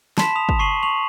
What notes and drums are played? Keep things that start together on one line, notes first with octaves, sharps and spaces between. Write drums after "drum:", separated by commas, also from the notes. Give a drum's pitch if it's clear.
A5 B5 C6 B6 E7, drum: snare
D#6 F7
drum: kick
C#6 C7 D#7 F#7
C#6 F7 F#7